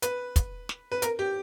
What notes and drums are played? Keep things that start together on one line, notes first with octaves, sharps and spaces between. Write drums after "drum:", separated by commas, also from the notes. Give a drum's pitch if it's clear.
B4, drum: hi-hat
drum: kick, hi-hat
drum: snare
B4
A#4, drum: hi-hat
G4